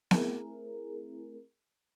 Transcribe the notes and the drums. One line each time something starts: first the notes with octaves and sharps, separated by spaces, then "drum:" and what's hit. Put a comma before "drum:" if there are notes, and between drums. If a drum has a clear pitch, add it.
A3 C4 E4 G#4 A#4, drum: snare B3